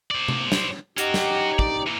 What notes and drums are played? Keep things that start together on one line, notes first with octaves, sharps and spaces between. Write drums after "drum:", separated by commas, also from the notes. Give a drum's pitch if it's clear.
C5 D5
drum: tom C3
drum: snare
C#4 D#4 F#4 G4, drum: hi-hat
drum: snare
D5, drum: kick
E3 A#3